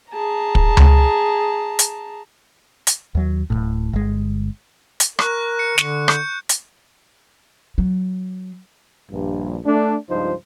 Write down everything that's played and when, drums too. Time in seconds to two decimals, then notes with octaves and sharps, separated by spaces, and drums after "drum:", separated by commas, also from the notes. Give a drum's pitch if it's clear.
0.12 G#4 A5 A#5
0.55 drum: kick
0.77 drum: tom C#2
1.79 drum: hi-hat
2.87 drum: hi-hat
3.15 D#2 F#3
3.50 D1 G#1 A2
3.93 G1 G#3
5.00 drum: hi-hat
5.19 A#4 C#6 F#6, drum: rim click
5.59 C#7
5.78 D3, drum: snare
6.08 G6 C#7, drum: rim click
6.49 drum: hi-hat
7.78 F#3
9.11 A#1 G2
9.65 A3 D4
10.10 C#2 G2 F3 D#4 C5